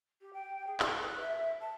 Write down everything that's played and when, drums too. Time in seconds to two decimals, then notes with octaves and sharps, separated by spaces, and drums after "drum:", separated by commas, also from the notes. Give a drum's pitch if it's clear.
0.21 G4
0.33 G5
0.66 G#4
0.80 A4, drum: clap
1.00 B4
1.20 E5
1.60 A5